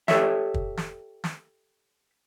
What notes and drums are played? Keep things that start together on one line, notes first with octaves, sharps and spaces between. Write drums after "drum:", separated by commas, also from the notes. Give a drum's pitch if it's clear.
G4 A4 C#5 E5, drum: snare
drum: kick
drum: snare
drum: snare